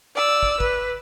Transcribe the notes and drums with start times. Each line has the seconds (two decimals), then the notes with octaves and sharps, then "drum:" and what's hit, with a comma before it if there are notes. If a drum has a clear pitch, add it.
0.15 D5 E6
0.43 drum: kick
0.60 B4, drum: kick